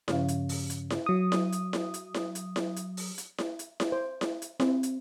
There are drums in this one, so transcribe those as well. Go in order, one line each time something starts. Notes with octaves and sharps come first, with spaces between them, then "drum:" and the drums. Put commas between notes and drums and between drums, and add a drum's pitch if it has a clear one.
G2 C#3 F3 C#4 F5, drum: snare E4
drum: hi-hat
drum: open hi-hat
drum: hi-hat
drum: snare E4
F#3 D#6
drum: snare E4
drum: hi-hat
drum: snare E4
drum: hi-hat
drum: snare E4
drum: hi-hat
drum: snare E4
drum: hi-hat
drum: open hi-hat
drum: hi-hat
drum: snare E4
drum: hi-hat
drum: snare E4
C5
drum: snare E4
drum: hi-hat
C4, drum: snare E4
drum: hi-hat